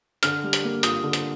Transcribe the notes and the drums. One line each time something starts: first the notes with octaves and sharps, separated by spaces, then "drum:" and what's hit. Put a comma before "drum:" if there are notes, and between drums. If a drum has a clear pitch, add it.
D3 F6, drum: hi-hat
G3
drum: hi-hat
A#3
F4 D#6, drum: hi-hat
D3
drum: hi-hat